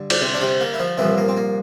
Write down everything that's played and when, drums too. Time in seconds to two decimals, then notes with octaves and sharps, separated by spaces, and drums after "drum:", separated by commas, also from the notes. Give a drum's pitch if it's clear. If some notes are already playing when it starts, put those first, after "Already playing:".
Already playing: G2 D3
0.10 D4, drum: cymbal
0.21 C3 C4
0.34 D4
0.40 C3 C4
0.60 A#3
0.74 E4
0.79 F3 F4
0.98 C2 A#2 E3 F3 E4
1.17 A#3
1.28 C4
1.37 A#3